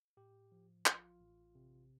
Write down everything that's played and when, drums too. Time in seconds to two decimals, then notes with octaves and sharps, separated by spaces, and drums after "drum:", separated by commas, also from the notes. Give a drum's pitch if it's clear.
0.17 A2 G4
0.52 F3
0.86 A1 F4, drum: clap
1.21 A1
1.55 C3